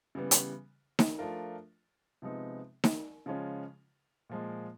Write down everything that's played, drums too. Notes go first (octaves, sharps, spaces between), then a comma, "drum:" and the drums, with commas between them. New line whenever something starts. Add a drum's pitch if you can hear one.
C#3 E3 G3 B3
drum: hi-hat
drum: snare D#4
F3 A3 D4 F4 A#4
C3 F3 G#3 B3 D#4
drum: snare D#4
C#3 F3 G#3 C#4 F4
A#2 F3 G#3